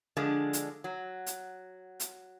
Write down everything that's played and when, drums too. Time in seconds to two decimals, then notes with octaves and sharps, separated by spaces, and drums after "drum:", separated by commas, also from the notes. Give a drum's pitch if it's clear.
0.17 D3 F3 G#3 D4
0.53 drum: hi-hat
0.84 F#3
1.26 drum: hi-hat
2.00 drum: hi-hat